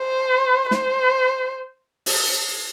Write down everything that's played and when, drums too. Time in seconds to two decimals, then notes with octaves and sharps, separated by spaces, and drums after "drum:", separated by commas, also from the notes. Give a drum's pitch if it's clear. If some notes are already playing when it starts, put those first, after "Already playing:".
Already playing: C5
0.71 C5, drum: snare
2.06 drum: open hi-hat